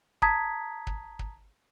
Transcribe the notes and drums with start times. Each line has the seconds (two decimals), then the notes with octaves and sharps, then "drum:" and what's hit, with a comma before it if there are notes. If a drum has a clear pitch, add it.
0.22 A5 A#5 D#6 G#6 B6, drum: kick
0.87 drum: kick
1.19 drum: kick